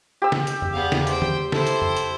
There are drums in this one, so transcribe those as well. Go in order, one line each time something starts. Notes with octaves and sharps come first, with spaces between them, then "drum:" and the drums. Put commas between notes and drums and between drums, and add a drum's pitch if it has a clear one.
G4 E6
drum: snare
drum: hi-hat
drum: tom
E2 B3 F5
drum: snare
C5 G5, drum: hi-hat
drum: tom D3
E4 A4 C5, drum: snare
drum: hi-hat
drum: tom
drum: hi-hat